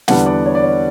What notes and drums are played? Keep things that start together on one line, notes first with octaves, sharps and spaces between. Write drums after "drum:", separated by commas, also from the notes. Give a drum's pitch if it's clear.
E2 D3 G3 B3 D4 F#5, drum: snare
D5
C#5
D5
C#5